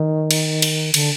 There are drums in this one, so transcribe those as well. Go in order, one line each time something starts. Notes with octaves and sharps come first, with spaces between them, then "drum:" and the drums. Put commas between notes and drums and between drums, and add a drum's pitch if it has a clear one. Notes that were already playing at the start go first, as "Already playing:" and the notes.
Already playing: D#3
drum: cymbal
drum: cymbal
D3, drum: cymbal